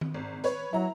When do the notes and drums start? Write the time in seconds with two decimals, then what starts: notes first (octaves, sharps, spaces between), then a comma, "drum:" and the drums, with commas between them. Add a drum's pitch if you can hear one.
0.01 drum: tom D#3
0.14 G#1
0.44 B4 C#5, drum: hi-hat
0.73 F#3 E4 A#5